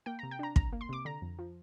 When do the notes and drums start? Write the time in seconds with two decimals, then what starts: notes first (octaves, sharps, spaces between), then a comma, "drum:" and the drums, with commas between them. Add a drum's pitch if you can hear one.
0.06 A#3 G5
0.19 C3 A#5
0.31 G5
0.39 D4 A#5
0.56 C2 A#5, drum: kick
0.73 A#3
0.81 C6
0.89 C3 D6
1.05 D3 A#5
1.22 F2
1.39 F3